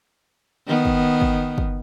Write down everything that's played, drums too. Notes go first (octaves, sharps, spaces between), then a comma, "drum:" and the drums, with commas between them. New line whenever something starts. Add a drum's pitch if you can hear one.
D#3 B3
drum: kick
drum: kick
drum: kick